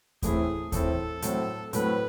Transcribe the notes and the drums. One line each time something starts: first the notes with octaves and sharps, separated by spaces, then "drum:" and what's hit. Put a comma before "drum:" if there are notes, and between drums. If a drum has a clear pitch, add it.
A2 E3 A3 C4 E4 G#4, drum: kick D#2, hi-hat
A2 E3 A3 C4 E4 A4, drum: kick D#2, hi-hat
A2 F#3 A3 C4, drum: hi-hat
A2 F#3 A3 C4 B4, drum: hi-hat